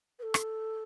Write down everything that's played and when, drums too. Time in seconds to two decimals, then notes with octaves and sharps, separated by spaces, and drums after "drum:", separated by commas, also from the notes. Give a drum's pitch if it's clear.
0.18 B4
0.22 A4
0.34 drum: rim click